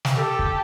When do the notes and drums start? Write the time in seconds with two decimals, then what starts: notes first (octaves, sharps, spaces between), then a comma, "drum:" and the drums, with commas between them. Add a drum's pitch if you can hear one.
0.05 drum: snare
0.17 G4 A4
0.39 drum: kick C#1